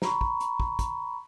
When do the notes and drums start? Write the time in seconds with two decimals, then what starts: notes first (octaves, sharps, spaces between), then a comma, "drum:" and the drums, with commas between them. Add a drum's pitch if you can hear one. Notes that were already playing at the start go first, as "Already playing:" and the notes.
0.02 A#5 B5 C#6, drum: snare
0.21 drum: kick
0.40 drum: hi-hat
0.60 drum: kick
0.79 drum: kick, hi-hat